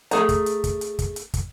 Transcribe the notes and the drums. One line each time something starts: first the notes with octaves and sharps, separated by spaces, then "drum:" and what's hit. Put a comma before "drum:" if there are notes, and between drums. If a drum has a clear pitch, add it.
A3 G#4 A#5, drum: hi-hat
drum: kick, hi-hat
drum: hi-hat
drum: kick, hi-hat
drum: hi-hat
drum: kick, hi-hat
drum: hi-hat
drum: kick, hi-hat